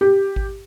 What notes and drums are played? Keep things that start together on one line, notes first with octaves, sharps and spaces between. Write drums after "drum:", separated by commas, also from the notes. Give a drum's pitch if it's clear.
G4
drum: kick G#1